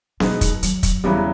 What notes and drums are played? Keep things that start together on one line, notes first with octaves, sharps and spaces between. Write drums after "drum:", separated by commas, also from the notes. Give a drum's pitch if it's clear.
B2 F#3 G#3 B3 D#4, drum: snare B3
drum: kick, hi-hat
F#3, drum: hi-hat
drum: kick, hi-hat
E2 C#3 F#3 G3 B3 E4